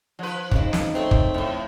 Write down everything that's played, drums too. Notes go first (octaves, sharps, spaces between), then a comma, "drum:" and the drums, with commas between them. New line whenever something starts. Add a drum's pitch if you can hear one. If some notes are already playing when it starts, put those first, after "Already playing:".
F3 B4
C#3 G#3 C4 D#4, drum: kick
drum: snare
A3 C4 G#4 C#5
drum: kick
A2 F3 A3